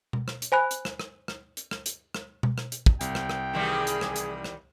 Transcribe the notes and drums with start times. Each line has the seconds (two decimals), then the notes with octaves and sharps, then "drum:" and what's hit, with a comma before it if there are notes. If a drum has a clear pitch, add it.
0.13 drum: tom B2
0.28 drum: rim click
0.42 drum: hi-hat
0.52 C5 G#5 B5 F#6
0.71 drum: hi-hat
0.85 drum: rim click
1.00 drum: rim click
1.28 drum: rim click
1.57 drum: hi-hat
1.71 drum: rim click
1.86 drum: hi-hat
2.15 drum: rim click
2.43 drum: tom B2
2.58 drum: rim click
2.72 drum: hi-hat
2.86 drum: kick
3.01 C2 G5, drum: hi-hat
3.15 drum: rim click
3.29 drum: rim click
3.53 D#3 E3 G3 G#4
3.87 drum: hi-hat
4.01 drum: rim click
4.16 drum: hi-hat
4.44 drum: rim click